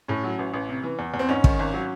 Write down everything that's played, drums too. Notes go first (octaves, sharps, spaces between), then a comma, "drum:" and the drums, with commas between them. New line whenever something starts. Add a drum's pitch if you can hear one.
A2 C#4
F#3
A1
A1
C3
E3
E2
E2
C4
G#2 C#4
D#3, drum: kick
G#1
F#3